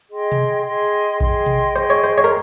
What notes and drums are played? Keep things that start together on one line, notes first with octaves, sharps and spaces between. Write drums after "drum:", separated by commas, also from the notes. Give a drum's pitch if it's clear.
G#4 D#5 G5 C6
drum: tom B2
G#4 D#5 G5 C6
G#4 D#5 G5 C6, drum: kick A#1
drum: tom B2
G#4 C5 D#5 G5 C6
C#5
C5
C#5
A#4